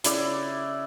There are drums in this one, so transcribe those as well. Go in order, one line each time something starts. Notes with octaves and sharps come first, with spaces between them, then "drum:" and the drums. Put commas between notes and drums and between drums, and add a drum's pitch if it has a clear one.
C#3 E4 D5 D6, drum: hi-hat